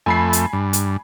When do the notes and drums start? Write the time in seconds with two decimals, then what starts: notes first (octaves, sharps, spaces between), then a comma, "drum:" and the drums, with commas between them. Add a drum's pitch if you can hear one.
0.06 F2 A3 G#5 B5 C7
0.33 drum: hi-hat
0.53 G2
0.73 drum: hi-hat